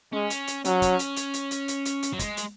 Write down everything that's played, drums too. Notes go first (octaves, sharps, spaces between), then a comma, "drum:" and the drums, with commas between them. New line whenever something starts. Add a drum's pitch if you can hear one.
G#3 C#4
drum: hi-hat
drum: hi-hat
F#3 C#4, drum: hi-hat
drum: kick, hi-hat
drum: hi-hat
drum: hi-hat
drum: hi-hat
drum: hi-hat
drum: hi-hat
drum: hi-hat
drum: hi-hat
F#3
G#3, drum: kick, hi-hat
drum: hi-hat